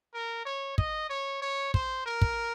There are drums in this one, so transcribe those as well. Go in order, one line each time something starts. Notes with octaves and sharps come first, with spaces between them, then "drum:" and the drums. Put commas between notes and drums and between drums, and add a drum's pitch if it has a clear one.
A#4
C#5
D#5, drum: kick
C#5
C#5
C5, drum: kick
A#4
drum: kick